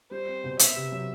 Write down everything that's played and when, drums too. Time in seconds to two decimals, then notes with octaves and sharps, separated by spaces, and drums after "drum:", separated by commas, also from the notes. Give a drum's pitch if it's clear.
0.11 G3 C5
0.27 C4
0.44 B2
0.59 B3 E5, drum: hi-hat
0.76 C3
0.92 F#3